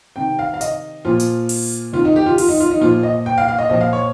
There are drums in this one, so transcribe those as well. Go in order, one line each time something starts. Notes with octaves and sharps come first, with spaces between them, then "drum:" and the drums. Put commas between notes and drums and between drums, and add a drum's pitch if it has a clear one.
C3 D#3 G5
F5
F5
D#5, drum: hi-hat
A#2 F3 F4
drum: hi-hat
drum: open hi-hat
C3 D#3 F4
D#4
G4
F4
F4, drum: open hi-hat
D#4
F4
D#4
A#2 F3 F4
D#5
G5
F5
F5
D#5
A#2 F3 D#5
F5
C#5